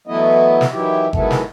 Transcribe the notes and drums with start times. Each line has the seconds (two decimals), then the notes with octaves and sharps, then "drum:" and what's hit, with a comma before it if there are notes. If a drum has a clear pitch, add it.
0.07 E3 F#3 A3 B3 E4 D#5
0.61 drum: snare
0.72 D#3 E3 F#3 E4 G4
1.13 D#3 F#3 G#3 B3 E4 A4, drum: kick G1
1.31 drum: snare